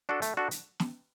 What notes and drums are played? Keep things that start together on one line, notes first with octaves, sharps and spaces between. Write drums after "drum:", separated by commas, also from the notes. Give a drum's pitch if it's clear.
D4 F#4 A4
A3, drum: hi-hat
D4 F#4 A4
drum: hi-hat
drum: snare